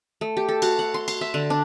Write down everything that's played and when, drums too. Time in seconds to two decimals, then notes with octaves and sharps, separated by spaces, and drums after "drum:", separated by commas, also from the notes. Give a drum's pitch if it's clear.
0.21 A3
0.37 G4
0.49 A4
0.62 F#4, drum: cymbal
0.79 F#5
0.94 C6
1.08 C6, drum: cymbal
1.21 E5
1.34 D3
1.50 D4